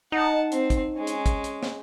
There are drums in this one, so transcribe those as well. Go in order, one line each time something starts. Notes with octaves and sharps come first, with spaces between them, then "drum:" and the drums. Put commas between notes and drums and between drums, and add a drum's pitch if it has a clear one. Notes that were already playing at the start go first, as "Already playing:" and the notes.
D#4 F#5 A5
C4, drum: hi-hat
drum: kick, hi-hat
G#3 C#4
drum: hi-hat
drum: kick, hi-hat
drum: hi-hat
drum: snare